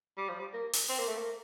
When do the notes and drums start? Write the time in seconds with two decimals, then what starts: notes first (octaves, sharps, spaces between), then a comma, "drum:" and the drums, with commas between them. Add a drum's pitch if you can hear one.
0.17 G3
0.29 F3
0.39 G3
0.53 A#3
0.73 drum: open hi-hat
0.89 C4
0.99 A#3
1.08 A3
1.18 A#3